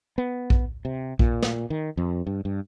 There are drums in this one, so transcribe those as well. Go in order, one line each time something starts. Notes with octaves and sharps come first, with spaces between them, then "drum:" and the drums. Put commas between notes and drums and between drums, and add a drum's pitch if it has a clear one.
B3
drum: kick A#1
C3
A#2, drum: kick A#1
drum: snare
D#3
F2
G2
G2